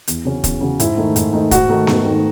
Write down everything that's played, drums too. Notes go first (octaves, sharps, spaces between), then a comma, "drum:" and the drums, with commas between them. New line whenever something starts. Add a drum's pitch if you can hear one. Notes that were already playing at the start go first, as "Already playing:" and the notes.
E2, drum: hi-hat
C#3 F#3 C#4
E2, drum: kick, hi-hat
C#3 F#3 C#4
G#2 E4, drum: hi-hat
D#3 A3 D#4
G#2, drum: hi-hat
D#3 A3 D#4
G#2 F#4, drum: kick, hi-hat
D#3 A3 D#4
G#2, drum: snare B3
D#3 A3 D#4